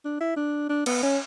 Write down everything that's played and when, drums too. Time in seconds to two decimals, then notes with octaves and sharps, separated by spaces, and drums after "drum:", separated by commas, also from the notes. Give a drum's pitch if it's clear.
0.05 D4
0.21 E4
0.36 D4
0.69 D4
0.86 B3, drum: cymbal
1.03 C#4